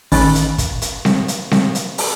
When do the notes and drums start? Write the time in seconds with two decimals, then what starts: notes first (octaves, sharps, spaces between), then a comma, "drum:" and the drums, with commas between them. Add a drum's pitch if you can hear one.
0.12 A1 D#3 C#4 B5 F#6 A6, drum: open hi-hat
0.35 drum: hi-hat
0.58 drum: kick, hi-hat
0.82 drum: hi-hat
1.05 drum: snare C4
1.28 drum: hi-hat
1.51 drum: snare C4
1.75 drum: hi-hat
1.98 drum: open hi-hat